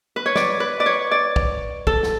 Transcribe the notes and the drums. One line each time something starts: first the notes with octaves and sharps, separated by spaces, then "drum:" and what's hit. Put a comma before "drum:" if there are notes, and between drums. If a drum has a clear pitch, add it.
B4
C#5
D5, drum: snare
B4
D5
C#5
D5
drum: kick
A4, drum: kick
drum: snare